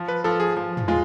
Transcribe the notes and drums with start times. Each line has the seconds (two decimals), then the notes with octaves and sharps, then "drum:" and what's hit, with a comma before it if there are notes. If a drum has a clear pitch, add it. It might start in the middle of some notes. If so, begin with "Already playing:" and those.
Already playing: F3
0.08 B4
0.24 F3 A4
0.40 G#4
0.57 F3
0.77 drum: tom
0.88 G#3 F4